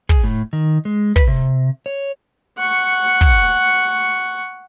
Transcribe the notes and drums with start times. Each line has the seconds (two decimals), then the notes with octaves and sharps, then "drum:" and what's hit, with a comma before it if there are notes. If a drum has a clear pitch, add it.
0.09 G#4, drum: kick
0.24 A2
0.53 D#3
0.85 G#3
1.16 B4, drum: kick
1.27 C3
1.86 C#5
2.58 F#5 C#6
3.21 drum: kick